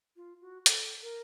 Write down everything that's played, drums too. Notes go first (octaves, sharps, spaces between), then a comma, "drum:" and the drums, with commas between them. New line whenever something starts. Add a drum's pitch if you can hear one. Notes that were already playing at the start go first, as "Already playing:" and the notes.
F4
F#4
A4, drum: hi-hat
A#4